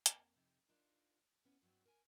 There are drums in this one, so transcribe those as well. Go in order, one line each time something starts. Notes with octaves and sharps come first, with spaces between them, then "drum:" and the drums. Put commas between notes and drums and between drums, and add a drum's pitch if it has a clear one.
F2 A#3, drum: hi-hat
F2 C3 D#4 E4
D4 D#4 F4 A#4
B3 C#4 E4
G2 F#3 B3 C4
A#4 G#5